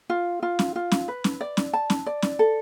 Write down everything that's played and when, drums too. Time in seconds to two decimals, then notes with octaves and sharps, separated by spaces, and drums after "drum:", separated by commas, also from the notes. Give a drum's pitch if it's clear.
0.10 F4
0.43 F4
0.59 drum: snare C#4
0.76 F4
0.92 drum: snare C#4
1.08 B4
1.24 drum: snare C#4
1.41 D5
1.57 drum: snare C#4
1.73 A5
1.90 drum: snare C#4
2.06 D5
2.22 drum: snare C#4
2.39 A4